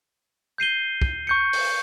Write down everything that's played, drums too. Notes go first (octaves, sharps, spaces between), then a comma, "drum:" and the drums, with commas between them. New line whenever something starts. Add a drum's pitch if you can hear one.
G6 C7 D#7 G7
drum: kick
C#6 G6 C#7
drum: open hi-hat